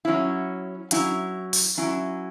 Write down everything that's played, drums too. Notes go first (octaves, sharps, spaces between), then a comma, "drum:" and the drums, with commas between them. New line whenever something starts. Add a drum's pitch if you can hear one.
F#3 C#4 E4
F#3 C#4 E4, drum: hi-hat
drum: open hi-hat
F#3 C#4 E4